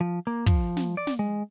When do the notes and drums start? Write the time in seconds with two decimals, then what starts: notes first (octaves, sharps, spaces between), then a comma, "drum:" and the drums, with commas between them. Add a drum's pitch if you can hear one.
0.01 F3
0.27 A#3
0.46 F3, drum: kick
0.77 drum: snare
0.97 D5
1.07 drum: snare
1.19 G#3